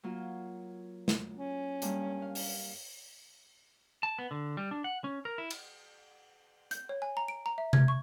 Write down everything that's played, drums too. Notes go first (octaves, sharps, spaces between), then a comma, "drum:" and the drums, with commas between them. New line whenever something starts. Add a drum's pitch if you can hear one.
F#3 A#3 F4
drum: snare
C#4
G2 G3 A#3, drum: hi-hat
F5
drum: open hi-hat
A5
B3
D3
G3
D4
F#5
C#4
A#4
E4
drum: cymbal
G6, drum: hi-hat
C#5
G#5
A#5
D7
A#5
E5
G#6, drum: tom C3
C#6